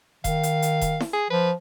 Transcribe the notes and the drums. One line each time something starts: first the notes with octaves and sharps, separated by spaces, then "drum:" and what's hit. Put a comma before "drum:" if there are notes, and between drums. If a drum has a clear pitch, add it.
D#3 F5, drum: kick E1, hi-hat
drum: hi-hat
drum: hi-hat
drum: kick E1, hi-hat
drum: snare E4
G#4
F3 B4